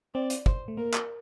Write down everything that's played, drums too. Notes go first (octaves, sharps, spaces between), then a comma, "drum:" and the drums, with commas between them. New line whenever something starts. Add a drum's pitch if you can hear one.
C4 D5
drum: hi-hat
C5, drum: kick
A3
A#3 A#4
drum: clap